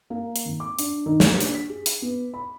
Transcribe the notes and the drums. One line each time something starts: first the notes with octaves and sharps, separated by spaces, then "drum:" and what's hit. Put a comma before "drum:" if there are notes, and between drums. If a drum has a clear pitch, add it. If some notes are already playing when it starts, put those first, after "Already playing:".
A#3
drum: hi-hat
G#1
D6
D4, drum: hi-hat
D#3
A#3, drum: snare
D4, drum: hi-hat
B6
G#4
drum: hi-hat
B3
B5